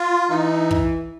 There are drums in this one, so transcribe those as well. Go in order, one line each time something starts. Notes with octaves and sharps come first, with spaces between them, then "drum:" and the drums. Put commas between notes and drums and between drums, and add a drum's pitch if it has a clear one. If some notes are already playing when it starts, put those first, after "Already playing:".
Already playing: F4
E3 D#4
drum: kick